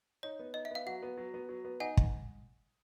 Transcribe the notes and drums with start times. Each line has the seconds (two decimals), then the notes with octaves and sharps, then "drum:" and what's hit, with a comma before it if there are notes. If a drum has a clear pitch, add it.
0.23 D#4 C#5
0.39 B3
0.54 D#4 D#5
0.65 E5
0.71 B3 F5
0.86 F#3 F#5
1.02 B3
1.18 F#3
1.34 B3
1.49 F#3
1.65 B3
1.80 D#4 F#5 G#5
1.97 drum: kick